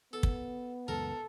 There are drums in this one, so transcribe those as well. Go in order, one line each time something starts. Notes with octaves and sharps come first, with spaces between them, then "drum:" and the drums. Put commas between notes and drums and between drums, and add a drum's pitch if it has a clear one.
B3 A4
drum: kick
C#2 F#2 G#3 A4 A#4